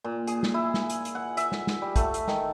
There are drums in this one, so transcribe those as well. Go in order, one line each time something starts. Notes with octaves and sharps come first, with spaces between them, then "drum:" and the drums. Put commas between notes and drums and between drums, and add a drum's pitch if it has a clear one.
A#2
G#4, drum: hi-hat
drum: snare
E4
drum: snare
drum: hi-hat
drum: hi-hat
F#5
E5, drum: hi-hat
drum: snare
drum: snare
G3
A3, drum: kick, hi-hat
drum: hi-hat
D#3, drum: snare